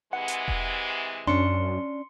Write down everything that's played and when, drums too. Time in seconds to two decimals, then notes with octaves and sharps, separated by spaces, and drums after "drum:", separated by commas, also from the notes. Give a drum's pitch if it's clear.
0.13 C3 E3 G#3 F#5
0.28 drum: hi-hat
0.48 drum: kick E1
1.27 F#2 C#4 D4 C6 C#7